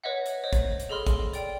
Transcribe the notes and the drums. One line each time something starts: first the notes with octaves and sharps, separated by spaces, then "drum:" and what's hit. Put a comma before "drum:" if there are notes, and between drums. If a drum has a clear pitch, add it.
B4 C#5 D#5 E5 F#5
drum: hi-hat
C5 C#5 D#5
drum: kick, hi-hat
drum: hi-hat
G#4 A4 D#5 B5 C6 F6
drum: kick, hi-hat
D5 G5, drum: hi-hat